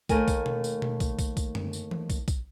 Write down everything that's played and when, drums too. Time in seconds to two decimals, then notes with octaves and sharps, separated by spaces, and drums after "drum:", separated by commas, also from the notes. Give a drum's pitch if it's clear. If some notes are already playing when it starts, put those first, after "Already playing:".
0.09 D#2 A3 A#4 G#5, drum: kick, tambourine
0.28 drum: kick, tambourine
0.46 drum: tom B2
0.64 drum: tambourine
0.82 drum: tom B2
1.00 drum: kick, tambourine
1.19 drum: kick, tambourine
1.37 drum: kick, tambourine
1.55 drum: tom F#2
1.73 drum: tambourine
1.91 drum: tom E3
2.10 drum: kick, tambourine
2.28 drum: kick, tambourine